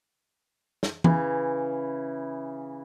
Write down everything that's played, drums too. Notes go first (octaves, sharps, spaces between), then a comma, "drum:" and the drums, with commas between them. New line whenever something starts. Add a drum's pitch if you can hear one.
drum: snare
C#3 E3, drum: tom E3